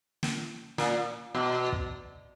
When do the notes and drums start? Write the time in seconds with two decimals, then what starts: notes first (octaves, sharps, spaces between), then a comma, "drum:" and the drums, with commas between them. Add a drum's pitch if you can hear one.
0.23 drum: snare
0.78 A#2, drum: snare
1.35 B2
1.72 drum: kick